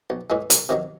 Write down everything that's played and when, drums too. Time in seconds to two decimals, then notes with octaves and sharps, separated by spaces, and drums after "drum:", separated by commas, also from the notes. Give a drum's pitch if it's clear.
0.10 B1
0.30 A2 E3 G#3
0.50 C2, drum: hi-hat
0.69 C3 D#3 F#3